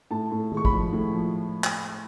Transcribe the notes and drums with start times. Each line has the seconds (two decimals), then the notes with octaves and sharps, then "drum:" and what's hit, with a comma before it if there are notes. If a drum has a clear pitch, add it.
0.11 A2 A5
0.31 A2
0.52 G#3, drum: tom D#3
0.57 C#6
0.65 B5, drum: kick
0.72 F3
0.92 A2
1.13 F3
1.64 drum: clap